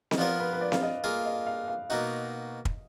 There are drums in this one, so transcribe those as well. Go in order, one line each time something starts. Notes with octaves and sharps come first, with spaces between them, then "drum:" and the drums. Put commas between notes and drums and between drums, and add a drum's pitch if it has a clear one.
D#5, drum: snare C4
F3 B3 F4 A#4 D5
B4
B4
D5
F5, drum: snare C4
D#5
A#3 F4 G#4 F5
D#5
F5
F5
B2 A#3 D#4 F#4 D#5
drum: kick